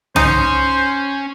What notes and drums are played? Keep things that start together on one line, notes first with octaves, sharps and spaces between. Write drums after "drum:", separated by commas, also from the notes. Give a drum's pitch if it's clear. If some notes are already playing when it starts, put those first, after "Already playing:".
C#4 D#4 C5, drum: tom C2